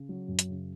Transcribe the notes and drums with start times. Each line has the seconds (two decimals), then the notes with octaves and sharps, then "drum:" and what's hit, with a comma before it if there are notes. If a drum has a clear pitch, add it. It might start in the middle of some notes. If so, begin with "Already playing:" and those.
Already playing: C#3
0.09 F#3
0.28 F#2
0.39 drum: hi-hat
0.49 C#3